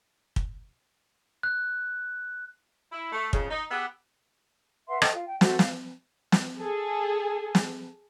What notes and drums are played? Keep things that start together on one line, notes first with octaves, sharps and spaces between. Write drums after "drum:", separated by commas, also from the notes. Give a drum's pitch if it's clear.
drum: kick
F#6
E4
A3
F2 C#3, drum: kick
D#4
B3 G4 G#4 E5 F#5
B4 E5 F#5 C6
A4 C5 D#5 G5, drum: rim click
F4
G5
F#4 A4 C5 E5, drum: snare
F5, drum: snare
drum: snare
G#4 A4
drum: snare